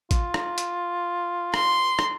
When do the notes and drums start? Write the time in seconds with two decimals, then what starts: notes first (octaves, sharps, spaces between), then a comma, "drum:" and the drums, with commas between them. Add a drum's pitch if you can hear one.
0.11 F4, drum: kick, hi-hat
0.34 drum: rim click
0.58 drum: hi-hat
1.54 C6, drum: rim click
1.99 drum: rim click